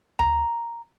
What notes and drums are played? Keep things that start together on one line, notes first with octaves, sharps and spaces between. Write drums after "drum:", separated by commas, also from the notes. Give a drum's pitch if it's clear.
A#5, drum: tom D2